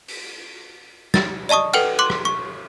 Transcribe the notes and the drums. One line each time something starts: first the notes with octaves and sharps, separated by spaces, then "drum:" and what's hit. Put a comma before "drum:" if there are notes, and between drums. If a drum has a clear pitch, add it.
drum: open hi-hat
A6, drum: snare
D5 D#5 A5 C#6 D#6
A4 B4 F#5 G5 F6, drum: cymbal
C6 D6 F#6
drum: rim click
C#6